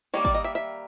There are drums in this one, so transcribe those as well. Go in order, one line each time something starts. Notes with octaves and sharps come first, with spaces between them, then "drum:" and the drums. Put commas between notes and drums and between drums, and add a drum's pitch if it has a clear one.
D#3 G3 A#3 C#5
D5, drum: kick G#1
D#5
E5
E5